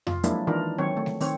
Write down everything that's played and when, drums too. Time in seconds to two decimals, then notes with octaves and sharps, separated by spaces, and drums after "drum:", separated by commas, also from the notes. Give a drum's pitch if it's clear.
0.07 F4, drum: tom F2
0.23 F3 F#3 G#3 A#3 D4 E4, drum: hi-hat
0.47 D#3 E3 D4 D#4 F4 A#4
0.78 D#3 F#3 C4 C#5
0.97 A3
1.06 drum: snare G3
1.21 D#3 C4 C#5, drum: open hi-hat